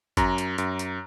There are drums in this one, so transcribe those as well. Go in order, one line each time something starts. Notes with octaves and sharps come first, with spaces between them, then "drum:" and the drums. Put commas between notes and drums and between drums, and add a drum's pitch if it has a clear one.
F#2 A#5, drum: kick G1, hi-hat
drum: hi-hat
F#2, drum: hi-hat
drum: hi-hat